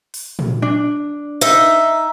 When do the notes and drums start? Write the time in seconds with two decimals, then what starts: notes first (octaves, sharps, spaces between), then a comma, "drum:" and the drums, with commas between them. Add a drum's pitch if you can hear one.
0.14 drum: open hi-hat
0.39 drum: tom A#2
0.62 D4
1.41 D#4 E5